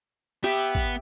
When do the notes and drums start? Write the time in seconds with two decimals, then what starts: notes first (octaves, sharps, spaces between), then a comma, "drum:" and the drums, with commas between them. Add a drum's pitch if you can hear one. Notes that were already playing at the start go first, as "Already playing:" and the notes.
0.44 B3 G4 E5
0.75 drum: kick